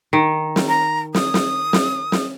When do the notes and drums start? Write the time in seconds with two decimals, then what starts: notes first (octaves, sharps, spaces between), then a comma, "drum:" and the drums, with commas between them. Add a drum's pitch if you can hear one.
0.13 D#3
0.56 drum: snare
0.68 A#5
1.15 D#6, drum: snare
1.34 drum: snare
1.73 drum: snare
2.12 drum: snare